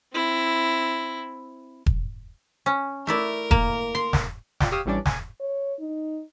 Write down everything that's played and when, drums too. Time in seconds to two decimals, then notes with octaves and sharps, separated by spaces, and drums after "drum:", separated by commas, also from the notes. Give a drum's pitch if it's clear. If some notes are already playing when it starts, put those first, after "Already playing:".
0.13 C4 E4
1.86 drum: kick E1
2.66 C#4
3.07 A3 E4 A#4 D5
3.51 A#3, drum: kick E1
3.95 C6
4.13 drum: snare
4.60 F4 D5 G5, drum: snare
4.72 G4 C#5 F5 D#6 E6
4.86 A1 E3 G3 C#4 D4 D5
5.06 G#5, drum: snare
5.40 C#5
5.80 D#4